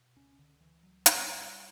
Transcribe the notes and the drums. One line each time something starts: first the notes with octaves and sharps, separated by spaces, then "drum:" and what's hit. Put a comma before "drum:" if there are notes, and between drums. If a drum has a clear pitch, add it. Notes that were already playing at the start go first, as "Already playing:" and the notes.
Already playing: B2
C#2 C#4
D3
C#2 E3
F#3
B2 G3, drum: hi-hat